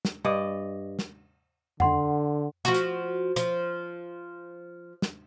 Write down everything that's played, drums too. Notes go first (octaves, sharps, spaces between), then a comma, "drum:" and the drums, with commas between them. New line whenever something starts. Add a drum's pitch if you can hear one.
drum: snare
G2 D5 D#5
drum: snare
D3 F#5 C6, drum: tom F2
F3 F#4
drum: hi-hat
F3, drum: hi-hat
drum: snare